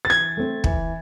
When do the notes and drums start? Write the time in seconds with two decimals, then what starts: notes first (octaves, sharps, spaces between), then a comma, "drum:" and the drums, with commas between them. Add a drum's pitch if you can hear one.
0.05 A6
0.10 E3 G#6
0.37 A3 C4
0.64 E3, drum: kick